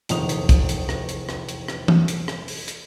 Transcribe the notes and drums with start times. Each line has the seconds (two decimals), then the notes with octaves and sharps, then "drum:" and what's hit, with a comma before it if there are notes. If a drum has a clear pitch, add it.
0.09 F1 A#1 E2 D#3 D#6 F7, drum: hi-hat
0.29 drum: hi-hat
0.49 drum: kick, hi-hat
0.69 drum: hi-hat
0.89 drum: rim click
1.09 drum: hi-hat
1.29 drum: rim click
1.49 drum: hi-hat
1.68 drum: rim click
1.88 drum: tom
2.08 drum: hi-hat
2.28 drum: rim click
2.48 drum: open hi-hat
2.68 drum: hi-hat